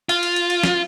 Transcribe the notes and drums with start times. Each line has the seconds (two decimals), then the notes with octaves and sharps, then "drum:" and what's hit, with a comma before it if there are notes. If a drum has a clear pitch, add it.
0.09 F4, drum: cymbal
0.23 drum: cymbal
0.36 drum: cymbal
0.50 drum: cymbal
0.63 drum: snare